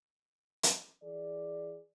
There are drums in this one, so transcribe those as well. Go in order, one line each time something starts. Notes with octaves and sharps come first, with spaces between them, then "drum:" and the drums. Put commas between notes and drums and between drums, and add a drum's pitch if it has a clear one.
drum: hi-hat
E3 G#4 D5